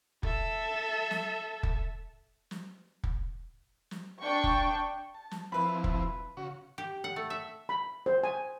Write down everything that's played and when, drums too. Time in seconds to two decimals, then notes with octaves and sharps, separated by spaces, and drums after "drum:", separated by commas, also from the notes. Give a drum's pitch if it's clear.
0.23 A4 E5, drum: kick
1.11 drum: snare
1.63 drum: kick
2.51 drum: snare
3.04 drum: kick
3.91 drum: snare
4.22 D4 G5 C#6
4.44 drum: kick
5.14 A5
5.31 drum: snare
5.52 F3 C4 E4 B4 B5
5.84 drum: kick
6.37 C#3 F#4 C#6
6.78 G4
7.04 F#5
7.16 A3
7.30 E5
7.69 B5
8.06 C5
8.24 G#5